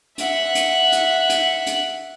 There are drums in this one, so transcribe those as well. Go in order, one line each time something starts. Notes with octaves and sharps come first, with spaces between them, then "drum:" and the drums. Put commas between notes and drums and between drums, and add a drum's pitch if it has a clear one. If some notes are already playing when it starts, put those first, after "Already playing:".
E5 F#5, drum: hi-hat
drum: hi-hat
drum: hi-hat
drum: hi-hat
drum: hi-hat